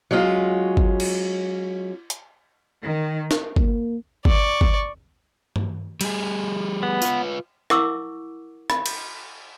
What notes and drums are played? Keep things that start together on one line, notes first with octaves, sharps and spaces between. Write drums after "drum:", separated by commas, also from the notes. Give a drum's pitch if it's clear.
F#3 G#3 C#4 F4
drum: kick G1
drum: cymbal
drum: hi-hat
D#3
drum: snare
A#3, drum: kick G1
D5 C#6, drum: kick G1
drum: kick G1
drum: tom G2
G3 G#4, drum: cymbal
B3
F4 B4, drum: tambourine
E4 A#4 F#5 C#6 D6 E6, drum: rim click
B5, drum: rim click
drum: cymbal